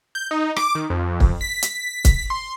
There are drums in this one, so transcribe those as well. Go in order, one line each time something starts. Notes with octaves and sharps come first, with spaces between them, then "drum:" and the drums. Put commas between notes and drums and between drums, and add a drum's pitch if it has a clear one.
G6
D#4
D6, drum: rim click
D#3
F2
drum: kick
B6
drum: hi-hat
drum: kick, hi-hat
C6